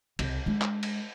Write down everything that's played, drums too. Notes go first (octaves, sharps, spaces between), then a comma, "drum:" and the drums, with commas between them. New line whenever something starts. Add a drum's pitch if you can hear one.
C2, drum: cymbal
G#3 D4
drum: clap
drum: cymbal